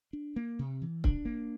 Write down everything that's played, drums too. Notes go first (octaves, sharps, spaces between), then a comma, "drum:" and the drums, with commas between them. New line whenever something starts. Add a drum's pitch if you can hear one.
D4
A#3
C3
E3
D4, drum: kick C#1
A#3